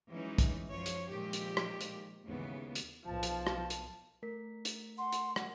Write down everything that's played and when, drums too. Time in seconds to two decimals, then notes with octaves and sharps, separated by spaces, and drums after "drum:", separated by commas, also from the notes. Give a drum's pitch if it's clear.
0.11 E3 F#3 G#3 C#4 D#4
0.38 drum: kick, hi-hat
0.69 F#2 F3 C#5
0.86 drum: hi-hat
1.10 A#2 D#3 F3 G#3 G4
1.33 drum: hi-hat
1.57 drum: rim click
1.81 drum: hi-hat
2.25 D#2 G#2 C#3 E3 B3
2.75 drum: hi-hat
3.06 B1 F3 A5
3.23 drum: hi-hat
3.47 drum: rim click
3.70 drum: hi-hat
4.23 A3 A#4 B6
4.65 drum: hi-hat
4.98 F#5 C6
5.12 drum: hi-hat
5.36 drum: rim click